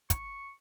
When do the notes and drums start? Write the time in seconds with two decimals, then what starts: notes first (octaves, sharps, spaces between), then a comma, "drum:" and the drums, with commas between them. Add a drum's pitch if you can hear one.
0.10 C#6, drum: kick, hi-hat